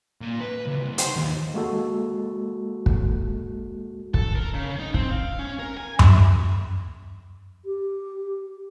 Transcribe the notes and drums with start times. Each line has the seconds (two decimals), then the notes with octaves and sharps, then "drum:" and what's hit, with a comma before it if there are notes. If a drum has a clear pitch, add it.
0.21 A#2
0.40 B4
0.66 C#2
0.78 C2
0.98 C5, drum: hi-hat
1.16 D#2
1.54 G#3 A#3 F#4 A4
2.86 drum: kick
4.14 A4, drum: kick
4.36 A#4
4.54 C#3
4.80 D#4
4.94 C4, drum: kick
5.11 F5
5.39 C#4
5.59 A#4
5.77 G#5
5.99 E5, drum: tom F#2
7.65 G4